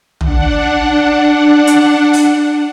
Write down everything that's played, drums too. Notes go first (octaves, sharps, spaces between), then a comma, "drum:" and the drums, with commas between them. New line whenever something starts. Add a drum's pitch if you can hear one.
D4 F#5, drum: tom
drum: hi-hat
drum: open hi-hat